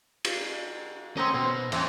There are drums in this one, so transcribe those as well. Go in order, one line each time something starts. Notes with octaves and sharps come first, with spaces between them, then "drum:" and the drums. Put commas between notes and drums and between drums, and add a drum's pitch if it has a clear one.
drum: cymbal
C4 C#4 D#4 D#5
B2 C4
E2 C4 C#4, drum: cymbal